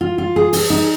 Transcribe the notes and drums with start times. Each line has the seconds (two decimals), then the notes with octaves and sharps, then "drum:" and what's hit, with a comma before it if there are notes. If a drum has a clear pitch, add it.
0.01 F4
0.18 F4
0.36 G#4
0.53 G#4, drum: open hi-hat
0.70 D#4